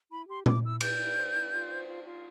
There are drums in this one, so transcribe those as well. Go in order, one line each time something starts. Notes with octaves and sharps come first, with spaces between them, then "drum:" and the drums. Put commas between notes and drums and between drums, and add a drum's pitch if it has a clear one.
E4 B5
G4 C6
E4 D6, drum: tom A#2
E4 E6
E4 G6, drum: cymbal
E4
C5
E4
F4
C5
F4
F4